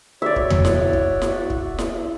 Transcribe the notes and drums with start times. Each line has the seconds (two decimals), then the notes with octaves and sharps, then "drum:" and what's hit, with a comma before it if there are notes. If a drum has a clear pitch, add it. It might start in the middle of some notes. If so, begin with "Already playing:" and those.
0.22 F#4 C#5 D5 E5
0.36 drum: kick
0.50 drum: tom E2
0.65 drum: snare E4
0.93 drum: kick
1.22 drum: snare E4
1.50 drum: kick
1.79 drum: snare E4